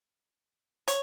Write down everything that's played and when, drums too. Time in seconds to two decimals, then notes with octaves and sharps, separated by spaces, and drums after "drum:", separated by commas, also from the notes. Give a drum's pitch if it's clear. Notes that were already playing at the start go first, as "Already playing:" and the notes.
0.88 C#5, drum: hi-hat